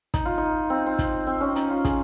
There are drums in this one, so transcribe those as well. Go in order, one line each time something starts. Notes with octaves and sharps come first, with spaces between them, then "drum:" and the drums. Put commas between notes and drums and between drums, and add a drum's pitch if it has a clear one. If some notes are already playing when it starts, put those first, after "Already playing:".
D#4, drum: kick, hi-hat
F4
D#4
C4
C4
drum: kick, hi-hat
C4
C#4
D#4, drum: hi-hat
F4
G#4, drum: kick, hi-hat